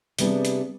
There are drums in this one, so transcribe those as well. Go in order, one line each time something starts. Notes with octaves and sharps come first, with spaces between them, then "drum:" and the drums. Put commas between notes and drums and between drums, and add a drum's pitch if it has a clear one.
C3 G3 B3 D4 G#4, drum: hi-hat
drum: hi-hat